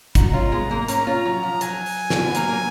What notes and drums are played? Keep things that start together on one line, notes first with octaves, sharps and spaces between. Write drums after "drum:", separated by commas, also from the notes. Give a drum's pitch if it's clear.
D#4 F#4 A#5, drum: kick, hi-hat
C#4 F4
G#3 B3
F#3 A#3
A#3 C#4, drum: hi-hat
C#4 F4
F#3
F3
F#3 G#5, drum: hi-hat
drum: open hi-hat
drum: snare
B3
F#3 A#3, drum: hi-hat
A#3